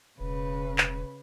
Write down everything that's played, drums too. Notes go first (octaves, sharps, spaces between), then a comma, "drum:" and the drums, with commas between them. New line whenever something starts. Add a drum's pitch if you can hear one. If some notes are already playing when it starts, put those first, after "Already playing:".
E1 C#3 B4
drum: clap